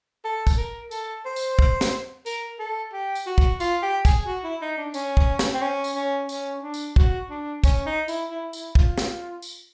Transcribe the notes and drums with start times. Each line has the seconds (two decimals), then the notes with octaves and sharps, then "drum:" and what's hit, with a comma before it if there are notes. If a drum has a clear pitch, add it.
0.25 A4
0.47 drum: kick, tambourine
0.57 A#4
0.91 A4, drum: tambourine
1.25 C5
1.36 drum: tambourine
1.59 drum: kick
1.81 drum: snare
2.26 A#4, drum: tambourine
2.59 A4
2.93 G4
3.15 drum: tambourine
3.26 F#4
3.38 drum: kick
3.60 F4, drum: tambourine
3.82 G4
4.05 G#4, drum: kick, tambourine
4.27 F#4
4.44 E4
4.62 D#4
4.77 D4
4.94 C#4, drum: tambourine
5.17 drum: kick
5.39 drum: snare
5.54 C4
5.62 C#4
5.84 drum: tambourine
5.95 C#4
6.29 C#4, drum: tambourine
6.63 D4
6.74 drum: tambourine
6.96 F#4, drum: kick
7.30 D4
7.64 C#4, drum: kick, tambourine
7.86 D#4
8.08 E4, drum: tambourine
8.31 E4
8.53 E4, drum: tambourine
8.75 F4, drum: kick
8.98 drum: snare
9.42 drum: tambourine